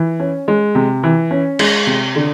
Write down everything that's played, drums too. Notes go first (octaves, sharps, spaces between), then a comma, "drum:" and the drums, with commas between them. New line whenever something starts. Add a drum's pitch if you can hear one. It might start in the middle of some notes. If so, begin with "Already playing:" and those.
Already playing: E3
C#4
G#3
C3
E3
C#4
G#3, drum: cymbal
C3
D3